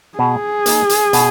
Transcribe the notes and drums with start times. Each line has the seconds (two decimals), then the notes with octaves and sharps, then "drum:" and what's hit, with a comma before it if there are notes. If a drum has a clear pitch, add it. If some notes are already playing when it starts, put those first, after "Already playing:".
0.18 B2 G#4
0.66 A#3 D#4, drum: hi-hat
0.89 drum: hi-hat
1.13 B2, drum: hi-hat